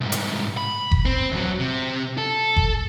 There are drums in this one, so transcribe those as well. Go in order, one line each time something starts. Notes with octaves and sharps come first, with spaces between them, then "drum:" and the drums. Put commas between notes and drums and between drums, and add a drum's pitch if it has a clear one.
C2 G#2
drum: hi-hat
B5
drum: kick F#1
C4
E2 F#3
C3
A4
drum: kick F#1